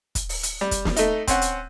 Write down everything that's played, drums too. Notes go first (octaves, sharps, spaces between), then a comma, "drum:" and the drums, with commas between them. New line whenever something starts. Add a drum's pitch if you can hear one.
drum: kick, hi-hat
drum: open hi-hat
drum: hi-hat
G3
drum: kick, hi-hat
drum: snare
A3 D#4, drum: hi-hat
C4 C#4 F#5, drum: kick, hi-hat
drum: hi-hat